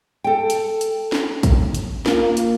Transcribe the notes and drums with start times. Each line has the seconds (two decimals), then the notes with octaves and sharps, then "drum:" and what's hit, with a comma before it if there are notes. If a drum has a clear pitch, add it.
0.24 A4 G5
0.50 drum: hi-hat
0.81 drum: hi-hat
1.12 drum: snare
1.43 drum: kick, hi-hat
1.74 drum: hi-hat
2.06 A#3 F4, drum: snare
2.37 drum: hi-hat